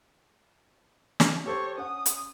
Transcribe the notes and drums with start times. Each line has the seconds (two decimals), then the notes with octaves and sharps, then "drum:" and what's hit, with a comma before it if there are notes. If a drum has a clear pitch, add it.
1.20 drum: snare
1.46 G4 A4 C5 C#5
1.78 C#4 F#5 D#6
2.06 drum: hi-hat